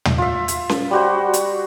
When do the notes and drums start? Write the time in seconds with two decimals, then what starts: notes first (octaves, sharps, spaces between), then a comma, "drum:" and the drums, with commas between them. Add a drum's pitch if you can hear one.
0.05 drum: tom
0.18 F4 E5
0.48 drum: hi-hat
0.69 drum: snare C#4
0.91 G3 F#4 C5
1.33 drum: hi-hat